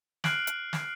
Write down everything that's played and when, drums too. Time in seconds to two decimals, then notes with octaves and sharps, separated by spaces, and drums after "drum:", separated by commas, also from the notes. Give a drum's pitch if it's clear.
0.24 F6 F#6 C7 D7 F#7, drum: snare
0.47 drum: hi-hat
0.73 drum: snare